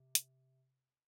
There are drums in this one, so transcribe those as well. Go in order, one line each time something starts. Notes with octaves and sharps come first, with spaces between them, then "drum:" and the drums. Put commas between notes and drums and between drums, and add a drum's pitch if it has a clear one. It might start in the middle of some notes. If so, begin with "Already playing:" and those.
Already playing: C3
drum: hi-hat